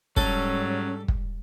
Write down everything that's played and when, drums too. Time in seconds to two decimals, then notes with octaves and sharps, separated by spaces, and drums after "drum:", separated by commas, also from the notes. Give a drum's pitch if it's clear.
0.17 G#2 F#3 G3 C#4 A4, drum: kick
1.08 drum: kick